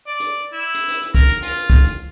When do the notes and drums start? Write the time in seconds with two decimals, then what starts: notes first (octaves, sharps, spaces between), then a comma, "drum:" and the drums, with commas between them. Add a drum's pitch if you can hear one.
0.07 D5
0.20 drum: hi-hat
0.53 E4
0.74 drum: hi-hat
0.88 drum: hi-hat
1.02 drum: hi-hat
1.15 A#4, drum: kick, hi-hat
1.29 drum: hi-hat
1.42 F4, drum: hi-hat
1.56 drum: hi-hat
1.70 drum: kick, hi-hat
1.83 drum: hi-hat